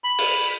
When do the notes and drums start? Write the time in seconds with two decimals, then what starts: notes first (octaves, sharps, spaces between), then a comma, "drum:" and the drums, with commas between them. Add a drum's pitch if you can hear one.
0.04 B5
0.18 drum: cymbal